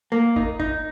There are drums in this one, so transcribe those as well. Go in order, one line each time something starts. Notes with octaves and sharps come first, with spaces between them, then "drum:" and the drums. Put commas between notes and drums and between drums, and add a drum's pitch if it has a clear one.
A#3
D#4, drum: kick G1
D#4, drum: kick G1